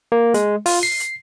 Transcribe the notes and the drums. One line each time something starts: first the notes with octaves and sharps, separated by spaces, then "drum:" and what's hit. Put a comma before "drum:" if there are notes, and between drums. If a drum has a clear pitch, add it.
A#3
G#3, drum: hi-hat
F4, drum: open hi-hat
C7
drum: hi-hat